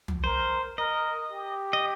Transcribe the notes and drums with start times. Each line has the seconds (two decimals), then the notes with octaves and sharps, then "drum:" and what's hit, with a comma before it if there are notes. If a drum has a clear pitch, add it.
0.08 drum: tom
0.24 A#4 C5
0.78 A#4 D#5
1.32 G4
1.73 D#5